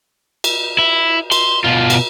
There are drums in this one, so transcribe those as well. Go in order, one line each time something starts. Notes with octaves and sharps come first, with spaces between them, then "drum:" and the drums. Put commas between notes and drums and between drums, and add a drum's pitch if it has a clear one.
drum: cymbal
E4
C6, drum: cymbal
B2 F4
drum: cymbal